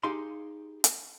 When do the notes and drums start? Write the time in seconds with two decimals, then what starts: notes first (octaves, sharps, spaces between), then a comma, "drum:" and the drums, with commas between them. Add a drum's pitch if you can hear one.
0.03 D#4 G4 G#4 F5 C6
0.84 drum: hi-hat